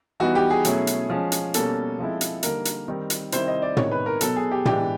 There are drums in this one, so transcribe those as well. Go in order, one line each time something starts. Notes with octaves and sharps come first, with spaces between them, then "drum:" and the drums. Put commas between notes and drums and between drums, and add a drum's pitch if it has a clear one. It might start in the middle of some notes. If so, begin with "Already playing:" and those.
E3 G3 B3 D#4 F#4
G4
G#4
B2 F#3 A3 C#4 E4, drum: hi-hat
drum: hi-hat
F3 G#3 C#4
drum: hi-hat
B2 G3 A#3 C#4 A4, drum: hi-hat
F3 G#3 C4 E4
drum: hi-hat
D3 G3 A#3 D#4 A#4, drum: hi-hat
drum: hi-hat
D#3 G3 C4 D#4
drum: hi-hat
C3 D#3 G3 C4 E4 C5, drum: hi-hat
D#5
D5
C3 D#3 G#3 B3 D#4 C#5, drum: tom
B4
A#4
B2 F#3 B3 A4, drum: hi-hat
G#4
G4
E3 G#3 B3 D4 G4, drum: tom